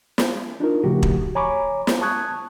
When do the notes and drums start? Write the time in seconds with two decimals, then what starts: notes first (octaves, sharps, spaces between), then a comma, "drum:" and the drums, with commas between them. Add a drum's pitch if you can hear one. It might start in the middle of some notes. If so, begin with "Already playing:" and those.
0.18 drum: snare
0.60 D4 D#4 F4 A#4
0.84 A#2 C#3 F3 A3 F#4 G4
1.03 drum: kick
1.35 C#5 G#5 A#5 B5 C#6 D6
1.87 drum: snare
2.01 A5 C#6 D#6 F#6 G#6